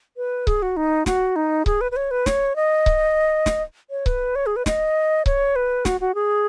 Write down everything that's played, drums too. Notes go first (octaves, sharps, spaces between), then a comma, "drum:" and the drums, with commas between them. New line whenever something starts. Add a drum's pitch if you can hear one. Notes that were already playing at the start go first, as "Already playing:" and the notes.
B4
G#4, drum: kick C#1
F#4
D#4
F#4, drum: snare
D#4
G#4, drum: kick C#1
B4
B4
C#5
B4
C#5, drum: snare
D#5
drum: kick C#1
drum: snare
C#5
B4, drum: kick C#1
C#5
G#4
B4
D#5, drum: snare
C#5, drum: kick C#1
B4
F#4, drum: snare
F#4
G#4